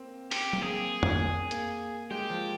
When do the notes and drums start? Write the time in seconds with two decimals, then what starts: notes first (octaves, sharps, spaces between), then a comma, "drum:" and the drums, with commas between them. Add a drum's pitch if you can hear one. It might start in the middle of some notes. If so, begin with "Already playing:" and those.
Already playing: A#3 C4
0.31 C4 G4, drum: open hi-hat
0.53 A#3, drum: tom
0.61 C4 G#4
1.03 drum: tom F2
1.51 A#3, drum: hi-hat
2.11 G#3 G4
2.30 F3